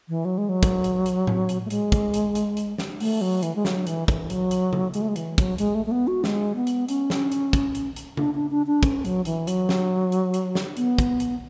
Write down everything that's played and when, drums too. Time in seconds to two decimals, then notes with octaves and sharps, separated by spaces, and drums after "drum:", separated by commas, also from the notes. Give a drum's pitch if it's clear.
0.09 E3
0.25 F#3
0.38 G#3
0.49 F#3
0.63 drum: kick, hi-hat
0.84 drum: hi-hat
1.06 drum: hi-hat
1.27 drum: tom A2
1.49 drum: hi-hat
1.66 A3
1.70 G#3, drum: hi-hat
1.92 drum: kick, hi-hat
2.14 drum: hi-hat
2.35 drum: hi-hat
2.57 drum: hi-hat
2.78 drum: snare
3.00 A3, drum: open hi-hat
3.21 F#3
3.43 E3, drum: hi-hat
3.56 G#3
3.65 F#3, drum: snare
3.87 E3, drum: hi-hat
4.08 E3, drum: kick, hi-hat
4.30 F#3, drum: hi-hat
4.51 drum: hi-hat
4.73 drum: tom C#3
4.94 G#3, drum: hi-hat
5.02 A3
5.08 G#3
5.16 E3, drum: hi-hat
5.38 F#3, drum: kick, hi-hat
5.58 G#3, drum: hi-hat
5.75 A3
5.86 A3
5.91 B3
6.07 F#4
6.24 G#3, drum: snare
6.56 B3
6.67 drum: hi-hat
6.89 C#4, drum: hi-hat
7.10 drum: snare
7.32 drum: hi-hat
7.53 drum: kick, hi-hat
7.75 drum: hi-hat
7.96 drum: hi-hat
8.17 D4, drum: tom C#3
8.35 D4
8.51 D4
8.67 D4
8.83 C#4, drum: kick, hi-hat
9.05 F#3, drum: hi-hat
9.25 E3, drum: hi-hat
9.47 F#3, drum: hi-hat
9.69 drum: snare
10.12 drum: hi-hat
10.34 drum: hi-hat
10.55 drum: snare
10.77 B3, drum: hi-hat
10.99 drum: kick, hi-hat
11.20 drum: hi-hat